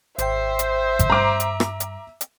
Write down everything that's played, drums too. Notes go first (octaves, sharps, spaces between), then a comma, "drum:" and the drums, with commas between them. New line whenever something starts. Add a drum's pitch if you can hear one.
G#1 C5 E5 G5, drum: hi-hat
drum: hi-hat
drum: kick G#1, hi-hat
G2 A#5 D6
drum: hi-hat
drum: rim click
drum: hi-hat
drum: hi-hat